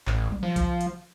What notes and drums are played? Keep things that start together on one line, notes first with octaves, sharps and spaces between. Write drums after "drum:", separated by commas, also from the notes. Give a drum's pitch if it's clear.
A1, drum: clap
drum: tom F#3
F3
drum: kick A#1, hi-hat
drum: hi-hat